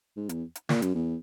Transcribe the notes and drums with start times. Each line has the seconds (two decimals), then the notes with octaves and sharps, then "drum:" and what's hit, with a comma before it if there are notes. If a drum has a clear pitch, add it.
0.17 G#2
0.29 E2, drum: hi-hat
0.55 drum: hi-hat
0.69 A#2, drum: snare
0.82 F#2, drum: hi-hat
0.95 E2